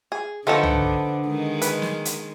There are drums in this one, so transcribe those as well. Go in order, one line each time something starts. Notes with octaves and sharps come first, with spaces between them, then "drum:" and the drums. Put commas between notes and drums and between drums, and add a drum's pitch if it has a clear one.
G#4
D3 F3 A3 B3 D4 D#4 A4
drum: tom
D#3 G#3
B4, drum: hi-hat
drum: snare
drum: hi-hat